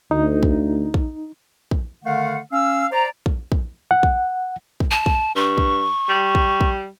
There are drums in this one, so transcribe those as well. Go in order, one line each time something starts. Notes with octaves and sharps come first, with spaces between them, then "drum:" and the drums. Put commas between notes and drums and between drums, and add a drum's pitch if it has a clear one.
D2 D#4
drum: kick
drum: kick
drum: kick
D3 D#3 A3 F5 F#5
C#4 F5 E6
C5 D5 A#5
drum: kick
drum: kick
F#5
drum: kick
drum: kick
A5
drum: kick
G2 C#6
drum: kick
G3
drum: kick
drum: kick